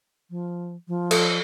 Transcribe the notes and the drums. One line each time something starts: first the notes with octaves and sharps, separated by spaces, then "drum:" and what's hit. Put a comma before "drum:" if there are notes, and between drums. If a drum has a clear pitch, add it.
F3
F3
A4, drum: cymbal